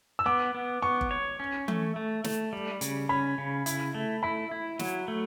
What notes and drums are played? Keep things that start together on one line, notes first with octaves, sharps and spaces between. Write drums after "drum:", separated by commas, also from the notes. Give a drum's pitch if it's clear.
E6
B3 D6
B3
B3 C#6
drum: kick G1
C#5
C#4
A3, drum: tom E3
A3
A3, drum: snare
G3
C#3, drum: hi-hat
C#4 B5
C#3
E4, drum: hi-hat
A3
E4 B5
E4
F#3, drum: snare
A3